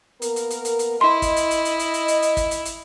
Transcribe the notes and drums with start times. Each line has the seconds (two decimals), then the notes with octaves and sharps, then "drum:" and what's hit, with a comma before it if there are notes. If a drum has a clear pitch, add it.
0.22 A#3 B3 A#4, drum: hi-hat
0.36 drum: hi-hat
0.51 drum: hi-hat
0.65 drum: hi-hat
0.79 drum: hi-hat
1.01 E4 D#5 C6
1.22 drum: kick, hi-hat
1.37 drum: hi-hat
1.51 drum: hi-hat
1.65 drum: hi-hat
1.79 drum: hi-hat
1.94 drum: hi-hat
2.08 drum: hi-hat
2.22 drum: hi-hat
2.37 drum: kick, hi-hat
2.51 drum: hi-hat
2.65 drum: hi-hat